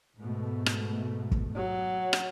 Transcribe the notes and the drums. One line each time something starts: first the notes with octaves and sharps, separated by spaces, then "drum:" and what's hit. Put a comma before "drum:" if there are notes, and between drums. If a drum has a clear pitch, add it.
G#2 B2 A3
drum: rim click
drum: kick
F#3
drum: rim click